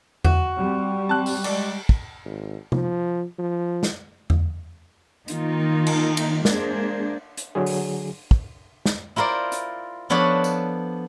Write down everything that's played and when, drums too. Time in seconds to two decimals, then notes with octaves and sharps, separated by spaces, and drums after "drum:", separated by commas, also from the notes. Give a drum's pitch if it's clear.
0.24 F#4, drum: tom E2
0.58 G3 C4
1.09 C4 A5 F#6
1.26 drum: open hi-hat
1.44 G#3 D5, drum: cymbal
1.89 drum: kick
2.25 G#1
2.72 F3, drum: tom C3
3.38 F3
3.83 drum: snare
4.30 drum: tom E2
5.28 D#3 A#3 D#4 F4, drum: hi-hat
5.87 drum: cymbal
6.17 drum: cymbal
6.45 G#3 A#3 D4 G#4 C5, drum: snare
7.37 drum: hi-hat
7.55 D3 F#3 G#4
7.66 drum: open hi-hat
8.31 drum: kick
8.86 drum: snare
9.16 E4 F4 A#4 C5 D5
9.52 drum: hi-hat
10.10 F3 B3 D4 A4 C#5 F#5
10.44 drum: tambourine